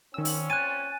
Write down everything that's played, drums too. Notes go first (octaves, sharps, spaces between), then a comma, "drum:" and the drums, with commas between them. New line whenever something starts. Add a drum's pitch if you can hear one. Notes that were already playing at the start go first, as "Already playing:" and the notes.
A#2 D#3 C4 C#4 E6
drum: open hi-hat
G#5 F#6 A6 D#7